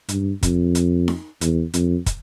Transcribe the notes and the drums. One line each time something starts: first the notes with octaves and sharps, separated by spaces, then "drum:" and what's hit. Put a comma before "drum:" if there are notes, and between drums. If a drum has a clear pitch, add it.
G2, drum: hi-hat
F2, drum: kick, hi-hat
drum: hi-hat
drum: snare D#4
E2, drum: hi-hat
F2, drum: hi-hat
drum: kick, hi-hat